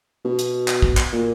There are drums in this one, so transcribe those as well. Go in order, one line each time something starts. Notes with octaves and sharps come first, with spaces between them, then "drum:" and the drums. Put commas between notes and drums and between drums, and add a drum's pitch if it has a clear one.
B2
drum: hi-hat
drum: clap
drum: kick
drum: clap
A#2